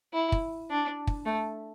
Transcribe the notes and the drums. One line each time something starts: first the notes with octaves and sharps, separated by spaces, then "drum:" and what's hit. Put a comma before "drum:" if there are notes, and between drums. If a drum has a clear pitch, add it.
E4
drum: kick
D4
drum: kick
A3